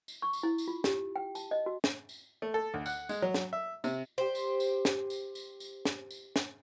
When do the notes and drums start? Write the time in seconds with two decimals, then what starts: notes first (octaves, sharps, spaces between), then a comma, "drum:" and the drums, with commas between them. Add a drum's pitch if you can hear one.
0.08 drum: tambourine
0.22 C#6
0.33 drum: tambourine
0.43 E4
0.58 drum: tambourine
0.68 F4
0.84 G4, drum: snare
1.16 G5
1.35 A5, drum: tambourine
1.51 D#5
1.66 F#4
1.84 drum: snare
2.09 drum: tambourine
2.42 A3
2.54 A4
2.74 D2
2.86 F#5, drum: tambourine
3.09 G#3, drum: tambourine
3.22 F#3
3.34 drum: snare
3.53 E5
3.84 C3, drum: tambourine
4.18 G4 C5
4.35 drum: tambourine
4.60 drum: tambourine
4.85 drum: snare
5.10 drum: tambourine
5.35 drum: tambourine
5.60 drum: tambourine
5.85 drum: snare
6.11 drum: tambourine
6.36 drum: snare